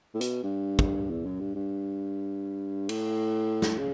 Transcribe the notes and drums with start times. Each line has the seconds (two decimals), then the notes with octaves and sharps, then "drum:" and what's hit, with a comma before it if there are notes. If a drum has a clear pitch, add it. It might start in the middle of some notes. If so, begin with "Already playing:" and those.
0.14 A2
0.21 B2, drum: hi-hat
0.43 G2
0.79 drum: kick
1.10 E2
1.25 F#2
1.40 G2
1.55 G2
2.89 A2, drum: cymbal
3.62 drum: snare
3.78 C#3